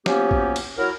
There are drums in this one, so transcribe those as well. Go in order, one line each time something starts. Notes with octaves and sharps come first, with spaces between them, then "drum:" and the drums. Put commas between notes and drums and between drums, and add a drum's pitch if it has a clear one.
F3 F#3 A#3 B3 C#4 G4, drum: snare
drum: kick A1
drum: cymbal
F#3 E4 A#4